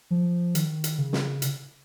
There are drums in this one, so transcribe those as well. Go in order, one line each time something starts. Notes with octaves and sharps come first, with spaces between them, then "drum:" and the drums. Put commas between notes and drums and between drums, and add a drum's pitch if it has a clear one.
F3
D#3, drum: hi-hat
drum: hi-hat
C#3
drum: snare
drum: hi-hat